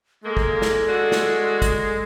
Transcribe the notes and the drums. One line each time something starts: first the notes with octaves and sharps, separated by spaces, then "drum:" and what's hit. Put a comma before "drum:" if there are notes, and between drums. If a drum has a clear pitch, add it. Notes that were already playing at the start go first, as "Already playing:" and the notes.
G#3 A#3 A4
drum: kick
drum: snare
D4 F#4
drum: snare
drum: kick, hi-hat